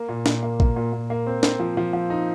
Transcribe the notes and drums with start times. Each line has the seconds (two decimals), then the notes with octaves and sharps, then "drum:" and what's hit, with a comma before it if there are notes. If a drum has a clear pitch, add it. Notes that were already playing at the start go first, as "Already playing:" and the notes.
Already playing: A#3
0.09 A#2
0.26 A#2, drum: snare
0.43 A#3
0.60 A#3, drum: kick
0.76 A#2
0.93 A#2
1.10 A#3
1.27 C4
1.43 C4, drum: snare
1.60 F3
1.77 F3
1.93 F3
2.10 D#4